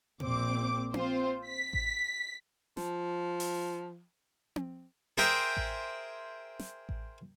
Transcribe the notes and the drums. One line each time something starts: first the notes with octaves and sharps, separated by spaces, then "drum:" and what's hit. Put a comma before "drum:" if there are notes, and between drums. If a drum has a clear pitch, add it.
A#1 A#2 C4 D6, drum: tom B2
C4 F4 C5, drum: tom C4
B6
drum: kick A1
F3, drum: snare
drum: open hi-hat
drum: tom C4
G#4 A#4 C5 E5 G5, drum: snare
drum: kick A1
drum: snare
drum: kick A1